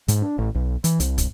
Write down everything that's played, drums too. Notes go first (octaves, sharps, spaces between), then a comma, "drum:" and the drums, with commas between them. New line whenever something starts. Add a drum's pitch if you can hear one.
G#2, drum: hi-hat
D4
A1
B1
E3, drum: hi-hat
C2, drum: hi-hat
drum: kick, hi-hat